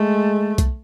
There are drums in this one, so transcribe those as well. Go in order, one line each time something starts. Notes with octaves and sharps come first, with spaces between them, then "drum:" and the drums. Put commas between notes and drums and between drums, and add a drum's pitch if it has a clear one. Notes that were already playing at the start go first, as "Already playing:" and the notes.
Already playing: G#3 A3
drum: kick, hi-hat